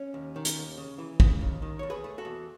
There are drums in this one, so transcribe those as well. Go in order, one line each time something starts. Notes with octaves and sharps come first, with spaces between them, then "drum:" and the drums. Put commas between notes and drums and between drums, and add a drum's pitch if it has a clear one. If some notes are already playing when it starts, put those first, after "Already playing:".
Already playing: C#4
D#2
D#3
drum: hi-hat
D#2
C#3
E3
C#3, drum: kick
D#2
D#3
E2 C#5
G#4 B4
A3
F#4 A4
E2